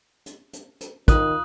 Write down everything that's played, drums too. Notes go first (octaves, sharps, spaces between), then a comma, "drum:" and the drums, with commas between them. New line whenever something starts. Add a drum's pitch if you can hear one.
drum: hi-hat
drum: hi-hat
drum: hi-hat
D#3 F4 D#6 F#6, drum: kick, hi-hat